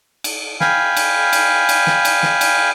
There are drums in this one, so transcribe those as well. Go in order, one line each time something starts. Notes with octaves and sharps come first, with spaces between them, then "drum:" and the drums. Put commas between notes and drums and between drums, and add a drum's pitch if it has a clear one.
drum: cymbal
F5 G5 G#5 B5, drum: snare
drum: cymbal
drum: cymbal
drum: cymbal
drum: snare
drum: cymbal
drum: snare
drum: cymbal